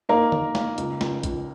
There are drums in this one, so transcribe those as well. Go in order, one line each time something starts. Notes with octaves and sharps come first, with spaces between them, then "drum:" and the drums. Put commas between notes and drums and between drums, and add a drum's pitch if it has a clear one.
A#3 D#4 A#4
A#3, drum: tom D3
A#3, drum: snare
C#2, drum: hi-hat
C#2, drum: snare
C#2, drum: kick, hi-hat